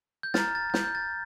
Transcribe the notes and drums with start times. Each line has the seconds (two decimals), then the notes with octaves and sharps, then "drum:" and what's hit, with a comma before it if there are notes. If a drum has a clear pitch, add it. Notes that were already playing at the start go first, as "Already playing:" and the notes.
0.23 G6
0.34 A#5 F6 A6, drum: snare
0.55 A6
0.70 A6
0.74 G6, drum: snare
0.85 G6
0.95 A6